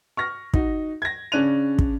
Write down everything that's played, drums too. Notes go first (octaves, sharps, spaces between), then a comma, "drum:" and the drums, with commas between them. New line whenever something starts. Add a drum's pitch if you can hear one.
C#6 F6 A#6
D#4 F#4, drum: kick
G#6 A#6
C#3 C#4 D4 F#6 D#7 F7
drum: kick